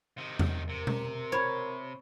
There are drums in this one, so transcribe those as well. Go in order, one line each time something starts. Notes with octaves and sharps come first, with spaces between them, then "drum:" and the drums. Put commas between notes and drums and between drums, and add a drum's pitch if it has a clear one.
C3 D#3
drum: tom E2
C3 A#4
drum: tom B2
C5 C#5 B5